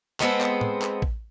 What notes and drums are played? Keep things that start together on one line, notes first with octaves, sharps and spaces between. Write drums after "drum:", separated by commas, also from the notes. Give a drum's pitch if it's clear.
G#3 B3 C4 A4, drum: clap
drum: clap
drum: tom
drum: clap
drum: kick A1